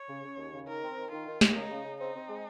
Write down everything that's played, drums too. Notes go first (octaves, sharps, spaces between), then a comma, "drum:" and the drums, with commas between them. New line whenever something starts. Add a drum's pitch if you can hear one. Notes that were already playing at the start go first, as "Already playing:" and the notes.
Already playing: C#5
C#3
C#3
D#2
C#3
D#3 A#4
C4
D#3
D#3 F4
D#3
D#3, drum: snare
C#3 D#4
C#3
C#3
C4 D#4
C4
G#3